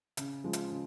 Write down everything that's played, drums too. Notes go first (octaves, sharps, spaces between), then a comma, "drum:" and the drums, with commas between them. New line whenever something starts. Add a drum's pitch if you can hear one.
C#3, drum: hi-hat
F3 G#3
drum: hi-hat
C#3